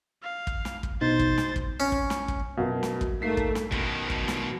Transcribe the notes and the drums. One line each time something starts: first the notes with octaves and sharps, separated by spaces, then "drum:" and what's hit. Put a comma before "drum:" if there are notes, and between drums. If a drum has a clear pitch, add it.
F5
drum: kick
drum: snare
drum: kick
B2 D#4 C5 A6
drum: kick
drum: snare
drum: kick
C#4
drum: kick
drum: snare
drum: kick
F#2 B2 F#3 F5
drum: snare
drum: kick
G#2 A3 A#3 B6 C7
drum: kick
drum: snare
B2 D#3, drum: kick
drum: kick
drum: snare